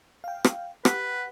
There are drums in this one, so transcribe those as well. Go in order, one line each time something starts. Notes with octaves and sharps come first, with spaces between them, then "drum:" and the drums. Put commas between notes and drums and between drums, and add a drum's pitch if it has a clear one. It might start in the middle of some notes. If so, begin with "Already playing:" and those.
F5 G5
drum: rim click
G4 B4 F#5, drum: rim click